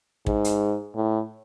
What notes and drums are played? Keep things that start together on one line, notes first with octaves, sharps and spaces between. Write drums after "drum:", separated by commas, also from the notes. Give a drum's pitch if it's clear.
G#2, drum: kick
drum: hi-hat
A2